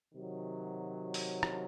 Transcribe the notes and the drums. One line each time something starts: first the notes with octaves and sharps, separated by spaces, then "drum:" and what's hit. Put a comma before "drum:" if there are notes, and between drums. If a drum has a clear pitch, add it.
C3 D#3 F#3
drum: open hi-hat
drum: rim click